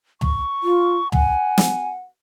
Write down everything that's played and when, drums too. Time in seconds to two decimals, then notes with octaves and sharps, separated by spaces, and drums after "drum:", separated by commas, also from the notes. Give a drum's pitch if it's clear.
0.21 C#6, drum: tom
0.63 F4
1.12 F#5 G#5, drum: tom
1.58 drum: snare